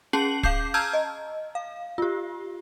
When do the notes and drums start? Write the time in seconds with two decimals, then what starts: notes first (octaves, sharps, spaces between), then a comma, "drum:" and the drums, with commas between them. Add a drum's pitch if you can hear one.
0.13 C#4 G#4 A5 C7 F#7
0.43 F5 D6 G6 C7, drum: kick
0.74 A5 A#5 E6 F6 G6 G#6
0.93 D#5
1.55 F5
1.98 F4 G4